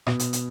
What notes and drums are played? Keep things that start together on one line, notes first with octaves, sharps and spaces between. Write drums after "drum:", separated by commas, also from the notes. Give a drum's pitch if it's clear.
B2, drum: rim click
drum: hi-hat
drum: hi-hat